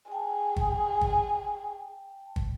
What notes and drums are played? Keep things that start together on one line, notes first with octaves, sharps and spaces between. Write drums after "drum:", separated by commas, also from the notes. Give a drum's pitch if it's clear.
G#4 G5 A5
drum: kick
drum: kick
drum: kick